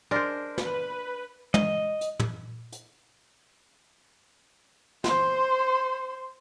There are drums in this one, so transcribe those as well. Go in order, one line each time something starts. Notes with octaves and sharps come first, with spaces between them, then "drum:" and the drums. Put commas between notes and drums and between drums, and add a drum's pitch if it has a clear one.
G#3 D4 A#4 C5
B4, drum: snare
D#5, drum: tom
drum: hi-hat
drum: tom
drum: hi-hat
C5 C6, drum: snare